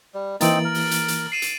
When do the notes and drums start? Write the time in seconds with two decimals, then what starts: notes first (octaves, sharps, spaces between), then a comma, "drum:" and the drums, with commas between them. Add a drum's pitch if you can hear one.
0.14 G3
0.41 E3 A#3 C4 D#4 A6 D7 F#7, drum: hi-hat
0.65 A#4
0.74 drum: open hi-hat
0.91 drum: hi-hat
1.08 drum: hi-hat
1.32 C7 D#7 E7
1.42 drum: hi-hat